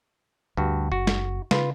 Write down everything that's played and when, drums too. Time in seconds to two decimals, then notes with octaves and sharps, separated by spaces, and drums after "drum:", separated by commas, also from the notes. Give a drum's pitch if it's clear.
0.57 D2 G2 F#4
0.92 F#1 F#4
1.07 drum: snare
1.51 C#3 F4 B4, drum: snare